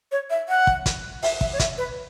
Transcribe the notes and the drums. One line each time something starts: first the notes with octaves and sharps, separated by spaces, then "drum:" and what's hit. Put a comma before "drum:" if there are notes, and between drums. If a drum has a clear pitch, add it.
C#5
E5
F#5
drum: kick
drum: kick, hi-hat
E5, drum: open hi-hat
E5, drum: kick
C#5
E5, drum: kick, hi-hat
B4